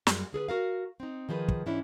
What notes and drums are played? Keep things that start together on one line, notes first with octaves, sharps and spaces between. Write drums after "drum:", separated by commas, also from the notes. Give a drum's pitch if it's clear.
F#2 G3 G#3, drum: snare
D3 G#4 A4 B4
F#4 A#4 F5
C4 D#4
D#3 F3 G#4 B4
drum: kick
G#2 E3 C#4 D4 E4